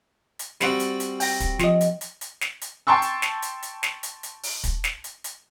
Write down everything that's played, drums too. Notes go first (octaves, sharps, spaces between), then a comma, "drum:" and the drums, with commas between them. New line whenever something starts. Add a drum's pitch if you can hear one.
drum: hi-hat
G3 C4 F#4, drum: snare
drum: hi-hat
drum: hi-hat
G5 A#6, drum: open hi-hat
drum: kick, hi-hat
F3 D#5, drum: snare
drum: hi-hat
drum: hi-hat
drum: hi-hat
drum: snare
drum: hi-hat
G5 A5 C6 C#6 E6
drum: hi-hat
drum: snare
drum: hi-hat
drum: hi-hat
drum: snare
drum: hi-hat
drum: hi-hat
drum: open hi-hat
drum: kick, hi-hat
drum: snare
drum: hi-hat
drum: hi-hat